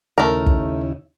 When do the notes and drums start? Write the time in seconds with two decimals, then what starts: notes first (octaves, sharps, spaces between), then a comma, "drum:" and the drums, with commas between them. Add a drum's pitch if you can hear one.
0.18 D#2 C#3 A3 E4 A#4
0.46 drum: kick